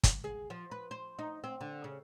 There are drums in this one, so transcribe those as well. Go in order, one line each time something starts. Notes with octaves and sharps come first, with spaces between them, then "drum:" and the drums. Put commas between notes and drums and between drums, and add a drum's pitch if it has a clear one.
drum: kick, hi-hat
G#4
F3
B4
C5
D#4
C4
D3
C#3